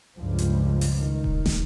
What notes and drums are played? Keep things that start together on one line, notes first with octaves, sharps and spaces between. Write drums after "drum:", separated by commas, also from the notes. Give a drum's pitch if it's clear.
C#2 G2 F3
drum: hi-hat
drum: open hi-hat
D#3
drum: kick D#1
drum: snare